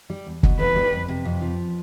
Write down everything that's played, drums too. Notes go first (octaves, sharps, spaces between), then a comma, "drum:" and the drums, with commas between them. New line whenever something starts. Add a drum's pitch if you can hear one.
G3
E2
B2, drum: kick
E2 B4
G3
F2
C3
F2
F3